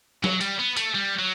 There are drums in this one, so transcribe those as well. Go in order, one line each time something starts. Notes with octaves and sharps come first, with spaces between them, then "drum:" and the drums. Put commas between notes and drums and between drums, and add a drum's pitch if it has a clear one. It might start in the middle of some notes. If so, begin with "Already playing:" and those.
F#3, drum: snare
G3, drum: hi-hat
B3
A3, drum: hi-hat
G3
F#3